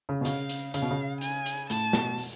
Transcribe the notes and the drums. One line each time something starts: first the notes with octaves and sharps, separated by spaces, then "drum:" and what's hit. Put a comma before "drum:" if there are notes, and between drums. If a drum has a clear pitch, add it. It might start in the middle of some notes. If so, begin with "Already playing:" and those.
C#3
B2
C#3 F5, drum: hi-hat
drum: hi-hat
C#3 F5, drum: hi-hat
B2
C#3
G#5, drum: hi-hat
drum: hi-hat
A2 A5, drum: hi-hat
B2, drum: snare
drum: open hi-hat